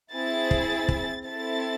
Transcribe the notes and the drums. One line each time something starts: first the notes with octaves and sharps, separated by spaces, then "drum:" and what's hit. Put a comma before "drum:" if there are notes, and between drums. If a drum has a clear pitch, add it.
C4 E4 G#4 A6
drum: kick
drum: kick
C4 E4 A4 A6